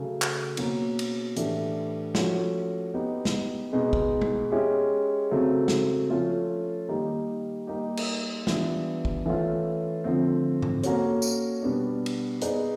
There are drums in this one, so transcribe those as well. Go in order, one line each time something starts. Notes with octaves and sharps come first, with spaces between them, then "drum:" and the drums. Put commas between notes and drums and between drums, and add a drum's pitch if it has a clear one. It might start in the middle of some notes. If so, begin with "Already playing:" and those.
Already playing: C#3 F#3 A3
drum: clap
B2 F#3 A#3 C#4, drum: cymbal
drum: cymbal
A2 E3 A3 D4 G4, drum: hi-hat
F3 A3 C#4 F#4, drum: snare
B3 D#4 G4
drum: snare
B2 G#3 B3 D#4
drum: kick
drum: tom G#3
G#3 C#4 E4 G4
C#3 F#3 A3 C4
drum: snare
F3 A3 C#4 F4
D#3 G3 A#3 D#4 G4
G3 A#3 D#4 G4
drum: cymbal
E3 G3 B3 D4 F4, drum: snare
drum: kick
E3 A3 C#4 F4
D3 F3 A3 C4
drum: tom G#2
A#3 C#4 F#4 A4 C#5, drum: hi-hat
drum: tambourine
B2 G3 B3 D4
drum: cymbal
B3 D#4 G#4 B4 D5, drum: hi-hat